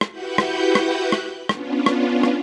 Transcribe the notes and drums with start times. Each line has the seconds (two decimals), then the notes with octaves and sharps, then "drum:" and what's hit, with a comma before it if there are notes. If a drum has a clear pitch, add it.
0.01 drum: rim click
0.11 E4 F#4 G4 B4 F#5 G6
0.38 drum: rim click
0.75 drum: rim click
1.12 drum: rim click
1.49 B3 C#4 D4 F4, drum: rim click
1.86 drum: rim click
2.23 drum: rim click